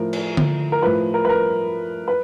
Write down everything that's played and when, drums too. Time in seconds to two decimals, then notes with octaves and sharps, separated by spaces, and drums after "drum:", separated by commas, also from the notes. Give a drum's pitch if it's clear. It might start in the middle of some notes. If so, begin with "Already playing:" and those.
Already playing: A2 F3 A#4
0.13 drum: cymbal
0.37 drum: tom D3
0.72 A#4
0.82 A2 F3 B4
1.14 A#4
1.25 B4
1.29 A#4
2.08 B4